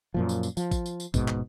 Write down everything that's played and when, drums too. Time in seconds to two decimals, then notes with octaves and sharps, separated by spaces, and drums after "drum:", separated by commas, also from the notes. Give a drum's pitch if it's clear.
0.14 F#2 A#2 F3
0.29 drum: tambourine
0.43 drum: tambourine
0.57 F3, drum: tambourine
0.71 drum: kick A1, tambourine
0.86 drum: tambourine
1.00 drum: tambourine
1.14 D#1 G#2 B2, drum: kick A1, tambourine
1.28 drum: clap